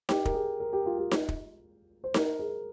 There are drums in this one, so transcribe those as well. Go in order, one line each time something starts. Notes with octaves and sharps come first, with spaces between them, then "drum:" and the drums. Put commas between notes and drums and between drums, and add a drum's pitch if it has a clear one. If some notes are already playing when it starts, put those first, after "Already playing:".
G4, drum: snare D#4
A#4, drum: kick
G#4
A#4
G4
F4
G4
drum: snare D#4
drum: kick
C5
A#4, drum: snare D#4
G#4